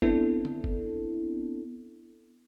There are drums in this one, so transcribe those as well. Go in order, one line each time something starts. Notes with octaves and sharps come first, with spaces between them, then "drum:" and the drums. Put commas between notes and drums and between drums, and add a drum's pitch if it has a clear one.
B3 C4 D4 E4 A4, drum: kick F#1
drum: tom
drum: kick F#1